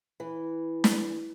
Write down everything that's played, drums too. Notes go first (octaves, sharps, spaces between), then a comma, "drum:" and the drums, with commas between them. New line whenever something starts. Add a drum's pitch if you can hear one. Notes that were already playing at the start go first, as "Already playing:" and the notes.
E3
drum: snare